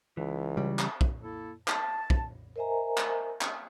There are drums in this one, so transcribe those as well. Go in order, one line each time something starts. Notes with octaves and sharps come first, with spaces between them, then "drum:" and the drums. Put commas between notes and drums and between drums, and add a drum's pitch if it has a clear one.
C#2 E3
C#3 G3
drum: clap
drum: kick
A#3 E4 A4
A5, drum: clap
drum: kick
A#4 C5 D#5 E5 G#5 A#5
drum: clap
drum: clap